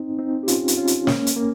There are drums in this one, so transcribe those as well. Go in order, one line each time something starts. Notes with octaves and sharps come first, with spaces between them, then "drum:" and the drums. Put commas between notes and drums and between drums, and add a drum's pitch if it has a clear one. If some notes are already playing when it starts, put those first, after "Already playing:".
Already playing: C4 D#4
C4 D#4
G4
C#4 F4, drum: hi-hat
drum: hi-hat
C#4 F4
drum: hi-hat
A#3 C#4, drum: snare
drum: hi-hat
A#3